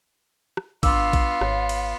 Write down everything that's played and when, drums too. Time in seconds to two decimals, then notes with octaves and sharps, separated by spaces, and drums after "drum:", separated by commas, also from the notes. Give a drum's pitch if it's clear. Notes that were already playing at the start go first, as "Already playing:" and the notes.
0.57 drum: rim click
0.83 G#1 B3 D4 F4 F5 D6 E6, drum: kick A#1, cymbal
1.13 drum: kick A#1, cymbal
1.41 G#1 C#5, drum: rim click
1.69 drum: cymbal